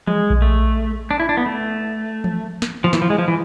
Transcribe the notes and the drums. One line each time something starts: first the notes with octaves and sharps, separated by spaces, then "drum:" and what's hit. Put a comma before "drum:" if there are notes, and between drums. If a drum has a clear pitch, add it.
G#3, drum: tom E3
drum: kick A#1
A3
D4
E4
D4
B3
A3
drum: tom E3
drum: snare
F3
E3, drum: snare
F3
G#3
F3
E3